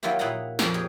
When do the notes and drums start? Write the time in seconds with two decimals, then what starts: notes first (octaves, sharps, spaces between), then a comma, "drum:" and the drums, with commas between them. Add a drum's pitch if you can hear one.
0.03 D#3 F#3 A#3 E4 F4 G4
0.19 A#2 E4 D#5 F5 F#5 A#5
0.59 F2 A#4, drum: snare
0.74 G4 G#4 C#5 D#5